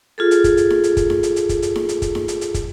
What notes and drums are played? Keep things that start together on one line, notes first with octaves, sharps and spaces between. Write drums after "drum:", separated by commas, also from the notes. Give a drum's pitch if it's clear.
F4 G#4 A4
drum: hi-hat
drum: kick, hi-hat
drum: hi-hat
drum: snare D#4
drum: hi-hat
drum: kick, hi-hat
drum: snare D#4
drum: hi-hat
drum: hi-hat
drum: kick, hi-hat
drum: hi-hat
drum: snare D#4
drum: hi-hat
drum: kick, hi-hat
drum: snare D#4
drum: hi-hat
drum: hi-hat
drum: kick, hi-hat